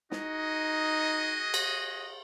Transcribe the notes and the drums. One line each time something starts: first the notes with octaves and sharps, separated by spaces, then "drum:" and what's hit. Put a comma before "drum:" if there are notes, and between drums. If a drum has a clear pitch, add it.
D#4 F#4 G#4 D#5, drum: snare
drum: cymbal